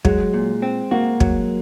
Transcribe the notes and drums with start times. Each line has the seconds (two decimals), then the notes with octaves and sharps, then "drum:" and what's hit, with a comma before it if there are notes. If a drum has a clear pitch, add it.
0.05 F#3 G#3, drum: kick
0.34 A#2
0.62 C4
0.91 A#3 F#4
1.20 F#3, drum: kick